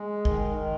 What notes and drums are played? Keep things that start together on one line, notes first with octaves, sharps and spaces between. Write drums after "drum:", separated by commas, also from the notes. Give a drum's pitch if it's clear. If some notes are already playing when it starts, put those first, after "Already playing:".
Already playing: G#3
D#3, drum: kick
D#3